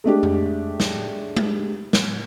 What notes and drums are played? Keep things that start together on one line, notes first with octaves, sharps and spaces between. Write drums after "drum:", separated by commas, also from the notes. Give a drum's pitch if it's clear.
G#3 A3 D4 G4
drum: tom F2
drum: snare
drum: tom G#3
drum: snare